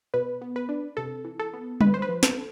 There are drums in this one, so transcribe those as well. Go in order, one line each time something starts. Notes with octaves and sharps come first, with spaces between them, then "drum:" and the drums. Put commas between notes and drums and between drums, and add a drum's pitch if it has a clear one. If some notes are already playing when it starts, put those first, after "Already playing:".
B2 B4
B3
B4
D4
C3 A4
E3
A4
B3
D3 B4, drum: tom G3
C5
B4
F3
A4, drum: snare